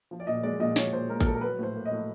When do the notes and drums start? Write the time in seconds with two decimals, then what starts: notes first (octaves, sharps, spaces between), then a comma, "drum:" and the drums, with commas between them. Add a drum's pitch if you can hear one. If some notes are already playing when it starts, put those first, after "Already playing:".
0.11 F3
0.20 D5
0.27 A#2 D#5
0.43 G#3 D5
0.60 A#2 D#5
0.76 F3 C#5, drum: snare
0.93 A#2 C5
1.09 G#3 A#4
1.20 A#4, drum: kick A1, hi-hat
1.25 A#2 A4
1.35 A#4
1.41 F#3 B4
1.59 A2 C5
1.75 A#3
1.86 D#5
1.91 A2